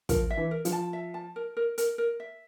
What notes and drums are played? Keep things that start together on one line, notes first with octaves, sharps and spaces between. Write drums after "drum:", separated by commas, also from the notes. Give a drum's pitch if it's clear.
F3 A#4, drum: kick, hi-hat
E5
E3
A#4
F3, drum: hi-hat
A5
E5
A5
A#4
A#4
A#4, drum: hi-hat
A#4
E5